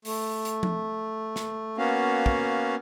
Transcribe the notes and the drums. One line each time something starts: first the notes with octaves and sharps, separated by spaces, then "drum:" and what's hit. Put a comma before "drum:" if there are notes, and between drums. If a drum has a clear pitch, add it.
A3, drum: open hi-hat
drum: hi-hat
drum: tom F3
drum: snare
A#3 B3 C#4 F#4 F5
drum: kick